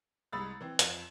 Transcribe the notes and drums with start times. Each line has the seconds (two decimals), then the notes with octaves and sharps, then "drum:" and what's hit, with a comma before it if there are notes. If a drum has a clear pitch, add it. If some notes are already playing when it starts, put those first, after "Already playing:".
0.33 C2 G#3 B5 D#6 E6 A6
0.61 E3 C4
0.79 F2 E7, drum: hi-hat